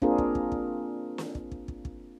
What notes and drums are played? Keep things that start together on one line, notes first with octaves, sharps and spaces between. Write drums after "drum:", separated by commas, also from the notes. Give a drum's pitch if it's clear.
A#3 C4 D4 F4 G#4 A#4, drum: kick
drum: kick
drum: kick
drum: kick
drum: snare
drum: kick
drum: kick
drum: kick
drum: kick